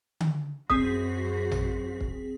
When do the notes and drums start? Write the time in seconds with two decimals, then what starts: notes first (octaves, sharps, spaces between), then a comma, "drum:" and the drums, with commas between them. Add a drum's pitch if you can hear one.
0.20 drum: tom D3
0.70 F#2 C4 F#4 G#4 C5 D#6 B6, drum: kick
1.51 drum: tom A1
2.01 drum: kick